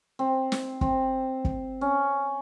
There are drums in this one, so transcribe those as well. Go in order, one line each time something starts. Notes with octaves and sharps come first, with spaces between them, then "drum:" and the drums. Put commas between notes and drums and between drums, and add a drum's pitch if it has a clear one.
C4
drum: snare
C4, drum: kick
drum: kick
C#4